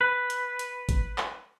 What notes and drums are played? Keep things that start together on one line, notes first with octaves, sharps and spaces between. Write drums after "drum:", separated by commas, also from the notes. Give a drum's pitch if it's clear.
B4
drum: hi-hat
drum: hi-hat
drum: kick G#1, hi-hat
drum: clap